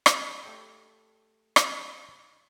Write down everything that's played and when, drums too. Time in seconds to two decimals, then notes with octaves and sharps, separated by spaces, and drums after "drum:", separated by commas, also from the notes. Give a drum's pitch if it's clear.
0.06 drum: rim click
0.43 A3 G4 A4 C#5 G5
1.56 drum: rim click